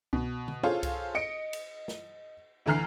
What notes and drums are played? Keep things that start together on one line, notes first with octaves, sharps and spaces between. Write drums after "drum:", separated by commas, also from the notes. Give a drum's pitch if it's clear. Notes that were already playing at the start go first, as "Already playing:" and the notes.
B2, drum: kick C2
drum: tom D3
F4 G#4 A4 C5 C#5 F5
drum: kick C2, cymbal
D#5 C#7 D7
drum: cymbal
drum: snare
D2 D3 E3 A#5 F6 C7